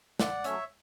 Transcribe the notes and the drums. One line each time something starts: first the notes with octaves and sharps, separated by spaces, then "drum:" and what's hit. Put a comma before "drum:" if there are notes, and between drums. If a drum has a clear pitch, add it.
D3 D5 F#5, drum: snare
F#3 A3 C#4 C#5 E5, drum: hi-hat